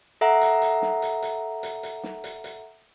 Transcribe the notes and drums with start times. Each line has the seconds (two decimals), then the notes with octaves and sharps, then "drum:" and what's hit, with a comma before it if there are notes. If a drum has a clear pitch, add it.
0.21 A4 E5 F#5 A#5
0.41 drum: hi-hat
0.62 drum: hi-hat
0.82 drum: snare
1.02 drum: hi-hat
1.22 drum: hi-hat
1.63 drum: hi-hat
1.83 drum: hi-hat
2.03 drum: snare
2.24 drum: hi-hat
2.44 drum: hi-hat